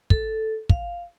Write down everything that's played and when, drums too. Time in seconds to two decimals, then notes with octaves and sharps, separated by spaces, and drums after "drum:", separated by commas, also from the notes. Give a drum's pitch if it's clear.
0.10 A4, drum: kick
0.69 F5, drum: kick